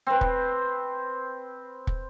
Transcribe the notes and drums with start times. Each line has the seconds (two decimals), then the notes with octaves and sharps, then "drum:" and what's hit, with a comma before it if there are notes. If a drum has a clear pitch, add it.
0.07 C4 B4
0.21 drum: kick
1.87 drum: kick